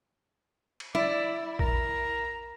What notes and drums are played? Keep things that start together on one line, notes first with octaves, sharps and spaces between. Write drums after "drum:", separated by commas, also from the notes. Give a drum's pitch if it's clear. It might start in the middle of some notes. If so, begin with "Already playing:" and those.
drum: cymbal
E4 D5, drum: tom F#3
A#4 A#5, drum: kick A#1